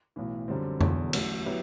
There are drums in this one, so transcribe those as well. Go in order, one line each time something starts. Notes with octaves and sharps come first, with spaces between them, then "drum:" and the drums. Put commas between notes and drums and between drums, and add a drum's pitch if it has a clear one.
B1 A2 E3
F#2 D3 G3 C4
E1 E2 D3 F#3, drum: tom F2
A1 A2 F#3, drum: cymbal
F#3 B3 E4 G4